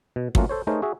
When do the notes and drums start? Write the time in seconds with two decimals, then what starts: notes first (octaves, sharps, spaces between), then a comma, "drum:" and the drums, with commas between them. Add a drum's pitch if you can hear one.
0.16 B2
0.35 F#3 A3 A#3 C#4 F4 F#4, drum: kick
0.49 A4 C5 C#5
0.67 A3 D#4 G#4 A#4 C5 C#5
0.82 F#4 G#4 E5